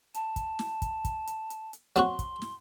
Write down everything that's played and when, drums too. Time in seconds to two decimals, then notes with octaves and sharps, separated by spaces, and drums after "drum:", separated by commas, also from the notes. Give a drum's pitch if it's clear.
0.14 A5, drum: hi-hat
0.36 drum: kick, hi-hat
0.59 drum: snare
0.82 drum: kick, hi-hat
1.05 drum: kick, hi-hat
1.27 drum: hi-hat
1.50 drum: hi-hat
1.73 drum: hi-hat
1.96 F#3 C4 F#4 C6, drum: hi-hat
2.19 drum: kick, hi-hat
2.42 drum: snare